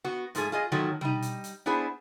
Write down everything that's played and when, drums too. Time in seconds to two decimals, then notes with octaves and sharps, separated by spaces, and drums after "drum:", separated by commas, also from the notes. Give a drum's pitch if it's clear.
0.04 B3 F#4
0.35 G#2 F3 A3 G#4, drum: hi-hat
0.52 F4 G#4 D#5
0.72 G#2 D#3 F3 F#3 A3
1.01 G3 D#4, drum: tom
1.22 drum: hi-hat
1.44 drum: hi-hat
1.66 B3 D4 E4 G#4 C5